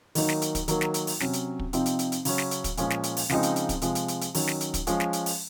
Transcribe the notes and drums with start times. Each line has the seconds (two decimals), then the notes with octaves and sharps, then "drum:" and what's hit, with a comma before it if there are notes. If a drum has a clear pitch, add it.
0.15 D#3 F#3 A#3 D#4, drum: open hi-hat
0.29 drum: snare
0.42 drum: hi-hat
0.55 drum: kick, hi-hat
0.68 D#3 F#3 A#3, drum: hi-hat
0.81 drum: snare
0.94 drum: hi-hat
1.07 drum: open hi-hat
1.20 C3 F#3 C#4, drum: snare
1.33 drum: hi-hat
1.59 drum: kick
1.73 C3 F3 C4 D#4, drum: hi-hat
1.86 drum: hi-hat
1.99 drum: hi-hat
2.12 drum: hi-hat
2.25 C#3 F#3 C#4, drum: open hi-hat
2.38 drum: snare
2.51 drum: hi-hat
2.64 drum: kick, hi-hat
2.77 A#2 F3 G#3 C#4, drum: hi-hat
2.90 drum: snare
3.03 drum: hi-hat
3.17 drum: open hi-hat
3.29 C#3 F3 G#3 C4 D#4, drum: snare
3.43 drum: hi-hat
3.56 drum: hi-hat
3.69 drum: kick, hi-hat
3.82 C3 F3 G#3, drum: hi-hat
3.95 drum: hi-hat
4.08 drum: hi-hat
4.21 drum: hi-hat
4.35 D#3 F#3 C#4, drum: open hi-hat
4.47 drum: snare
4.61 drum: hi-hat
4.74 drum: kick, hi-hat
4.87 F3 G#3 C#4, drum: hi-hat
5.00 drum: snare
5.13 drum: hi-hat
5.26 drum: open hi-hat